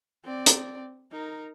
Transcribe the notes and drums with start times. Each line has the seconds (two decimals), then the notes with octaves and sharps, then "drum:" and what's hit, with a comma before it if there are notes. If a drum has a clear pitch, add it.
0.24 C4 D5
0.46 drum: hi-hat
1.12 D#4 A#4